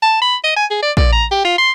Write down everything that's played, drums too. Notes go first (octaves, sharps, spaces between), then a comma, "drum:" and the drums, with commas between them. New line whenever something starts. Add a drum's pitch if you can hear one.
A5
B5
D#5
G#5
G#4
D5
D5, drum: kick
A#5
G4
F4
C6